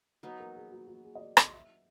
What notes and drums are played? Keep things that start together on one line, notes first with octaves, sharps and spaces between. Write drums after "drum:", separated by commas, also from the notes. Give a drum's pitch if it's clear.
F#3 B3 D#4
A#4
G#4
F#4
F#4
G#4
D#5
D5
D#5, drum: rim click
E5